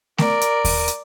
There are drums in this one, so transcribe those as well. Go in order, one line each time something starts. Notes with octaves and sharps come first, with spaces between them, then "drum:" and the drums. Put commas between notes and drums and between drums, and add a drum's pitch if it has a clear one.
A#4 D5, drum: snare A3
drum: hi-hat
drum: kick D#2, open hi-hat
drum: hi-hat